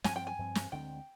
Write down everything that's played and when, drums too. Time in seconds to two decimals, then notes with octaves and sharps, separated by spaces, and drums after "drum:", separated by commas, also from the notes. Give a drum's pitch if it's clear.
0.04 G2 F3 C4 G#5, drum: snare
0.16 G5
0.27 G#5
0.39 G2 F3 C4
0.55 drum: snare
0.72 D2 D3 G#3 C4 G5